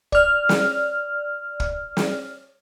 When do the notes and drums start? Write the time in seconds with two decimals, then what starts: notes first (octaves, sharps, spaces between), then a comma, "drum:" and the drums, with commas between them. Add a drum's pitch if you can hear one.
0.12 D5 F6, drum: kick
0.49 drum: snare
1.60 drum: kick
1.97 drum: snare